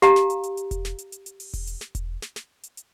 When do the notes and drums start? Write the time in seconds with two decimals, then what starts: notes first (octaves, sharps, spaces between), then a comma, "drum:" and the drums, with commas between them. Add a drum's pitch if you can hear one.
0.02 G4 F5 A#5, drum: snare
0.16 drum: snare
0.30 drum: hi-hat
0.43 drum: hi-hat
0.57 drum: hi-hat
0.71 drum: kick E1, hi-hat
0.85 drum: snare
0.98 drum: hi-hat
1.12 drum: hi-hat
1.26 drum: hi-hat
1.40 drum: open hi-hat
1.53 drum: kick E1, open hi-hat
1.67 drum: hi-hat
1.81 drum: snare
1.95 drum: kick E1, hi-hat
2.22 drum: snare
2.36 drum: snare
2.63 drum: hi-hat
2.77 drum: hi-hat